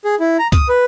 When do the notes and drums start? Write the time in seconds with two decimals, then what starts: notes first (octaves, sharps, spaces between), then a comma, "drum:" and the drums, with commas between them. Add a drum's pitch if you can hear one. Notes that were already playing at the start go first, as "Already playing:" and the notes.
0.05 G#4
0.20 E4
0.39 A#5
0.52 D#6, drum: kick C#2, hi-hat
0.69 B4